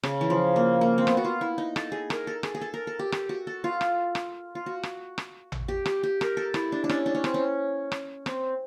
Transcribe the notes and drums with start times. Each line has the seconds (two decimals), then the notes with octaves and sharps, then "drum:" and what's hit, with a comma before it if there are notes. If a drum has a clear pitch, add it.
0.03 C#3, drum: rim click
0.21 E3
0.30 F3
0.56 A#3
0.81 A#3
0.98 C4
1.07 B3, drum: rim click
1.17 F#4
1.24 F4
1.41 E4
1.58 D#4
1.76 A4, drum: rim click
1.92 G#4
2.10 A#4, drum: rim click
2.27 A4
2.43 G#4, drum: rim click
2.55 G#4
2.61 A4
2.74 A#4
2.87 A4
2.99 G4
3.12 G4, drum: rim click
3.29 F#4
3.47 A4
3.64 F4
3.81 drum: rim click
4.15 drum: rim click
4.55 F4
4.66 F#4
4.83 drum: rim click
5.18 drum: rim click
5.52 drum: tom A1
5.68 G4
5.86 G4, drum: rim click
6.03 G4
6.21 A#4, drum: rim click
6.37 A4
6.54 E4, drum: rim click
6.72 D4
6.84 D4
6.89 C#4, drum: rim click
7.06 D4
7.15 C#4
7.24 C4, drum: rim click
7.34 C#4
7.92 drum: rim click
8.26 C4, drum: rim click